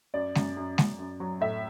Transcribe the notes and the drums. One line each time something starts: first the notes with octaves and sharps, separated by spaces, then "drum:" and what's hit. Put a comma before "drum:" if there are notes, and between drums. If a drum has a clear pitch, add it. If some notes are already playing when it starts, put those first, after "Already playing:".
F#2 D5
F#2, drum: snare
F#2
F#2, drum: snare
F#2
F#3
A2 E5